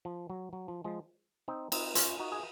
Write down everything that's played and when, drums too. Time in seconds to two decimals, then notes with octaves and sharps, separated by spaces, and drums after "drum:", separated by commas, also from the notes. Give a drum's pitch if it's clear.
0.05 F3
0.30 F#3
0.53 F#3
0.68 F3
0.84 F3 G#3
1.48 C4 D#4
1.72 C4 D#4, drum: cymbal
1.95 C#4 F4, drum: hi-hat
2.19 D#4 F#4
2.32 G#4